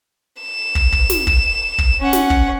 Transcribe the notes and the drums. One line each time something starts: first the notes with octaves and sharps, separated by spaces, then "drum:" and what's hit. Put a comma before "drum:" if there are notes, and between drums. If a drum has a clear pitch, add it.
E7
drum: kick
drum: kick
drum: snare
drum: kick
drum: kick
C#4 F#5
drum: snare
drum: kick